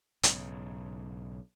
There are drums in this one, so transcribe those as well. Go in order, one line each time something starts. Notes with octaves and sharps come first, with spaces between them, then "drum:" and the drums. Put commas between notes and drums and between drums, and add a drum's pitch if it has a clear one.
B1 G#2 C#3, drum: hi-hat